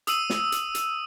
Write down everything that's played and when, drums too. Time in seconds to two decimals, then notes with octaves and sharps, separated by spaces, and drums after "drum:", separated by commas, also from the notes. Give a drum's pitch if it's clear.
0.07 D#6 E6 D#7, drum: hi-hat
0.30 drum: snare
0.52 drum: hi-hat
0.75 drum: hi-hat